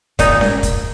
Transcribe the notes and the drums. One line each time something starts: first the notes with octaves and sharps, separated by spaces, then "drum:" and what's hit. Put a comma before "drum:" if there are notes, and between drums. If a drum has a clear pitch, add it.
A#2 D#4, drum: kick, hi-hat
drum: snare C#4
drum: kick, hi-hat